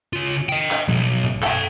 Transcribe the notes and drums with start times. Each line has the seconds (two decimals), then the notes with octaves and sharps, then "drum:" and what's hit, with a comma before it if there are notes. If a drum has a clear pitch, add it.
0.13 C#3 F4
0.49 D#5 G5
0.71 drum: clap
0.88 B1, drum: tom F3
1.24 drum: tom G#2
1.42 A4 G5, drum: clap